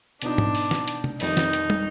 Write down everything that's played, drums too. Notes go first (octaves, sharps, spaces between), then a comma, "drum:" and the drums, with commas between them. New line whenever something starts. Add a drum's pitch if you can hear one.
B2 B3 D4 D#4, drum: hi-hat
drum: tom G#2
drum: open hi-hat
drum: snare
drum: hi-hat
drum: tom C3
F1 F2 D#3 G3 D#4, drum: open hi-hat
drum: snare
drum: hi-hat
drum: tom